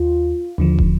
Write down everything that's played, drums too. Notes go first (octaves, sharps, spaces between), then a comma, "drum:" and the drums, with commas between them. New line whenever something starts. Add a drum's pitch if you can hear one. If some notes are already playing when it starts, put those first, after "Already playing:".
Already playing: D#2 F4
D#2 D3 F3
drum: kick